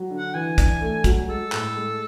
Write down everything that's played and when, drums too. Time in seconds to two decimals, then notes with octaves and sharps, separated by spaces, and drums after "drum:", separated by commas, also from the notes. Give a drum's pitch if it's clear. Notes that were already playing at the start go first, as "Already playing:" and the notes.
Already playing: F#3
0.10 D3
0.18 F#5
0.34 E3 G#5
0.58 D4, drum: kick, hi-hat
0.81 A3
1.04 F#3, drum: kick, hi-hat
1.28 G#3 A4
1.52 A2, drum: clap
1.76 G#3